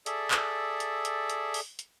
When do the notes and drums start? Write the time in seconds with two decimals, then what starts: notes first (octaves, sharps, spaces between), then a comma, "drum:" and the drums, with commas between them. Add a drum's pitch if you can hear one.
0.06 G#4 A4 D5 E5, drum: hi-hat
0.31 drum: clap
0.80 drum: hi-hat
1.05 drum: hi-hat
1.30 drum: hi-hat
1.54 drum: open hi-hat
1.79 drum: hi-hat